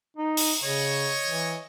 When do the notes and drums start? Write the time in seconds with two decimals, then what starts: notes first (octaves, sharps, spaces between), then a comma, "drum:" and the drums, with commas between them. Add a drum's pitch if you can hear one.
0.17 D#4
0.37 drum: open hi-hat
0.64 C#3 C#5 D#5 C#6
1.27 E3